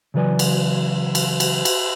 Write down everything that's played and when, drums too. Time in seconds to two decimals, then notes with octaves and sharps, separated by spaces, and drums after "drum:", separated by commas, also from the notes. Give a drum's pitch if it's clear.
0.14 C#3 E3 F#3 B4 D5 G#5
0.39 drum: cymbal
1.15 drum: cymbal
1.40 drum: cymbal
1.65 drum: cymbal